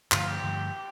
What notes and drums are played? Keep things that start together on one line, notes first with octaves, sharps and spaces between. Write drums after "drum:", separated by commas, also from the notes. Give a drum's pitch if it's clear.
G2 D3 F3 A3 F4, drum: clap
G4
G2 D3 F3 A3